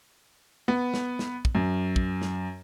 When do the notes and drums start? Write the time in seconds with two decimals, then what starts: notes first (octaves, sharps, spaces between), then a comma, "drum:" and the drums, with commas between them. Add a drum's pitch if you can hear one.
0.68 B3
0.94 drum: snare
1.19 drum: snare
1.45 drum: kick
1.55 F#2
1.96 drum: kick
2.22 drum: snare